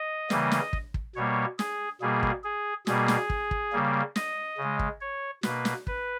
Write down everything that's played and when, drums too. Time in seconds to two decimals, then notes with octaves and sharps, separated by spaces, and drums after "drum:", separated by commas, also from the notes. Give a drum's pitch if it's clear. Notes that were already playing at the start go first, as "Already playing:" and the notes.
Already playing: D#5
0.30 C#3 E3 G3 A#3, drum: snare
0.51 drum: snare
0.73 drum: kick
0.94 drum: kick
1.15 B2 G3 A#3 C#5
1.59 G#4, drum: snare
2.01 B2 G3 A#3 G#4
2.23 drum: kick
2.44 G#4
2.87 B2 G3 A#3 G#4, drum: snare
3.08 drum: snare
3.30 drum: kick
3.51 drum: kick
3.73 C#3 G3 A#3
4.16 D#5, drum: snare
4.58 C#3
4.63 G#3
4.79 drum: kick
5.01 C#5
5.43 B2 A#3 B4, drum: snare
5.65 drum: snare
5.87 B4, drum: kick